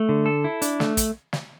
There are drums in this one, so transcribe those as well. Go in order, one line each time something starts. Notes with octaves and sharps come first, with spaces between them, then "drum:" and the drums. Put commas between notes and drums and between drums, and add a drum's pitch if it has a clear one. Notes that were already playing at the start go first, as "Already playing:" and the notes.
Already playing: A3
D3
A4
E4
D4, drum: hi-hat
A3, drum: snare
drum: kick, hi-hat
drum: snare